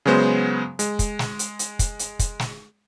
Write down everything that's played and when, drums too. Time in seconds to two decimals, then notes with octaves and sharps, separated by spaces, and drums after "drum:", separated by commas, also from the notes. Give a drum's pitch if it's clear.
0.06 C#3 F#3 G#3 B3 C5
0.79 G#3, drum: hi-hat
0.99 drum: kick, hi-hat
1.19 drum: snare
1.39 drum: hi-hat
1.59 drum: hi-hat
1.79 drum: kick, hi-hat
1.99 drum: hi-hat
2.19 drum: kick, hi-hat
2.39 drum: snare